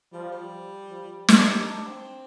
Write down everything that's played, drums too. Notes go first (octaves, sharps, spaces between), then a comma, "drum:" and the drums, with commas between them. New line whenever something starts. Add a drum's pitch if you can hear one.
F3 G3
G3
F3
G3 D4, drum: snare
D#4
D4
C4